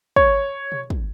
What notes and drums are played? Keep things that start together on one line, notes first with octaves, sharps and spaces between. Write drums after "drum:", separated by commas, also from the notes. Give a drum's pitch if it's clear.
C#5, drum: kick
drum: tom B2
drum: kick